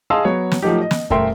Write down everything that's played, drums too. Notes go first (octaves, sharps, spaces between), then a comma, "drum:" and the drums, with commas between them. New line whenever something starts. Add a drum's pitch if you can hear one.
G#4 D#5 F5 A5 C6 E6
F#3 B3 C#5
drum: snare
F3 F#3 A3 D#4 G4
D#5
drum: snare
D#1 A3 A#4 E5 G5 C6, drum: kick F2